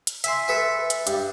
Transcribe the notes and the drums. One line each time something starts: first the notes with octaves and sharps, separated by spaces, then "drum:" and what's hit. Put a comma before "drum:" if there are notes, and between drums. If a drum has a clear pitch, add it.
drum: hi-hat
E5 G#5 C6, drum: hi-hat
A4 B4 E5 G#5
drum: hi-hat
G2, drum: hi-hat